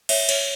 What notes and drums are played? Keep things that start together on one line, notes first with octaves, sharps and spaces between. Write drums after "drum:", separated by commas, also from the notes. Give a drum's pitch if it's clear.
C#5 E5, drum: cymbal
C#5, drum: cymbal